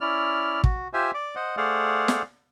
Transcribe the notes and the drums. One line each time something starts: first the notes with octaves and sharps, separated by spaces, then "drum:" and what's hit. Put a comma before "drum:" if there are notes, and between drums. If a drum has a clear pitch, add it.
C#4 E4 D5 F6
F#4, drum: kick
F4 G4 C5 E5 G#5
D5 D6
C5 D#5 F#5
A3 G#4 C5 D5 F5 F#5
drum: snare